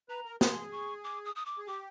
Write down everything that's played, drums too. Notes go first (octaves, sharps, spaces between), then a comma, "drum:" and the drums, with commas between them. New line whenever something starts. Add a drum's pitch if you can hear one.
B4 A#5
A#4
G#4 C6, drum: snare
C#6
D6
D#6
D#6
D6
G#4
G4 D6